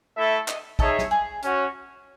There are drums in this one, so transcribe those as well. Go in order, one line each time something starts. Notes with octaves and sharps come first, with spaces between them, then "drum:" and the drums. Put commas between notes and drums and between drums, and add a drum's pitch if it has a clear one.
A3 E4 A4 E5
D#5, drum: clap
D#4 G#4 A4 C#5 E5, drum: kick
drum: snare
G#4
C#4 F#4 C#5, drum: hi-hat